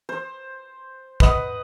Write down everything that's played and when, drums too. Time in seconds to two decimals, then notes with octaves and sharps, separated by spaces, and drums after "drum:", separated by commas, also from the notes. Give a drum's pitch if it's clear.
0.09 C5
1.20 B4 D#5 F#5, drum: kick